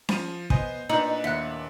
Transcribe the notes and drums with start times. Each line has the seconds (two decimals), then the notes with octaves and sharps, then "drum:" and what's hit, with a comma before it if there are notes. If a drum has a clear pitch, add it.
0.09 F3 C6 D#7, drum: snare C#4
0.50 B3 C5 D#5 G#5, drum: kick
0.89 A#2 D4 D#4 B4 G6 C#7 F#7
1.24 D#2 E5 F#5 F#6